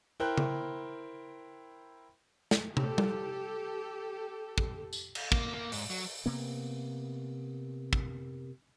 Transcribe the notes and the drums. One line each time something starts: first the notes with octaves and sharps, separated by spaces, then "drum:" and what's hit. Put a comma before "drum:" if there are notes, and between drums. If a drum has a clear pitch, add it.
E4 A#4 C5 G5 F#6
drum: tom C#3
drum: snare
G4 A4, drum: tom
drum: tom G3
drum: kick
drum: tambourine
drum: cymbal
A#3, drum: kick
A#3
G#2, drum: open hi-hat
F#3, drum: open hi-hat
C3 A#3 B3
drum: kick